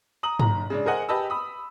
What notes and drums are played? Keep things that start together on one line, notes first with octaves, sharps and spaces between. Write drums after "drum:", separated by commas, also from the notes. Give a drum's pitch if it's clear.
A#5 D#6 F#7
F#1 A#5, drum: tom
C#3 G#3 D4
G#4 A#4 C5 D#5 F#5 G#5
G4 B4 D#5 A5 B5 E6
B5 D#6